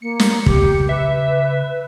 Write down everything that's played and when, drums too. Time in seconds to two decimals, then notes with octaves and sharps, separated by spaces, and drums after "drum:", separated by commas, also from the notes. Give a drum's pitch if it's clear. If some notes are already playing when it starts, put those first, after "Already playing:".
0.02 A#3 C#7
0.20 drum: snare
0.46 C#3 G4, drum: kick
0.89 C#3 B4 E5